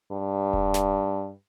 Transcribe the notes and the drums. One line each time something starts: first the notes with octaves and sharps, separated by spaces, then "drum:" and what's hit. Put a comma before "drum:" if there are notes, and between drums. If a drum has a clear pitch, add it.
G2
drum: kick E1
drum: snare